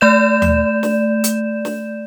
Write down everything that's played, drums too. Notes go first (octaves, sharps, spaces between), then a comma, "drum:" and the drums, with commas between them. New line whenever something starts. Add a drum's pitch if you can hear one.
A3 D5 G6 E7
drum: tom D#2
drum: snare
drum: hi-hat
drum: snare